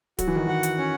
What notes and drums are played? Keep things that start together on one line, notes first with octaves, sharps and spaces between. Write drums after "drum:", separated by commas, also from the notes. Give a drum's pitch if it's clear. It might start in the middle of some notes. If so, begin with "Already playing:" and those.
F#3 F#4, drum: kick, hi-hat
E3
D#3
E3 F#5
drum: hi-hat
C#4